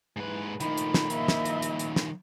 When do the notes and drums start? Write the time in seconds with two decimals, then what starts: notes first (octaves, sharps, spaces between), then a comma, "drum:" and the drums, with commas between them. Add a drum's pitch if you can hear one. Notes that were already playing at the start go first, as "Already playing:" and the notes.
0.17 G#2 E3 B4
0.60 A#2 D#3 F3 A3 D#4 B5, drum: hi-hat
0.77 drum: hi-hat
0.94 drum: snare
1.10 A#3 D#5 E5, drum: hi-hat
1.28 drum: snare
1.45 drum: hi-hat
1.62 drum: hi-hat
1.79 drum: hi-hat
1.96 drum: snare